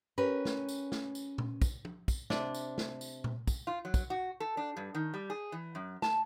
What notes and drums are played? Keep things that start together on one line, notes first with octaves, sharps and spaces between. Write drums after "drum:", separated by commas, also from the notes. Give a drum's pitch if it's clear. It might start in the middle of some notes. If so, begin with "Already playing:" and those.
C#4 G4 A#4 B4
drum: snare
drum: tambourine
drum: snare
drum: tambourine
drum: tom A#2
drum: kick, tambourine
drum: tom
drum: kick, tambourine
C3 D4, drum: snare
drum: tambourine
drum: snare
drum: tambourine
drum: tom A#2
drum: kick, tambourine
F4
F#3
drum: kick, tambourine
F#4
A4
D4
G2
D#3
G3
G#4
E3
F#2
A5, drum: snare